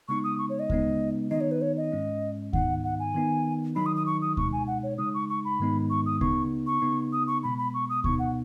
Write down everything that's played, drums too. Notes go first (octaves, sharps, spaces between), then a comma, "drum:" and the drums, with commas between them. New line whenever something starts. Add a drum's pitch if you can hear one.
C#3 G#3 B3 D#4 C#6
D#6
C#6
C#5
D#5
C#3 G#3 B3 D#4, drum: kick D2
D#3 B3 D#4 D#5
C#5
B4
C#5
D#5
G#2 G#3 C#4
G#2 D#3 B3 D#4 F#5, drum: kick D2
F#5
G#5
D#3 B3 D#4
D#3 F#3 D#4 B5
D#6
D#6
C#6
D#6
B2 G#3 D#4 C#6, drum: kick D2
G#5
F#5
C#5
C#3 G#3 D#4 D#6
C#6
C#6
B5
G#2 D#3 G#3 B3 D#4
C#6
D#6
C#3 B3 D#4 C#6, drum: kick D2
C#6
C#3 B3 D#4
D#6
C#6
B2 G#3 B3 B5
B5
C#6
D#6
B2 B3 D#4 C#6, drum: kick D2
F#5